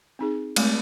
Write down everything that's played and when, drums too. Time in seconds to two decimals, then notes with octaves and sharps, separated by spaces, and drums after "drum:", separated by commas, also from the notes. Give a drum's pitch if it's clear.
0.19 C4 D#4 G#4
0.56 G#3 A3 C4, drum: cymbal